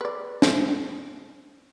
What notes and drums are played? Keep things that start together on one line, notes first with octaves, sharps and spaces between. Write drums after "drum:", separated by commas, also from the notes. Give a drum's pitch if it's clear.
B4 D5
drum: snare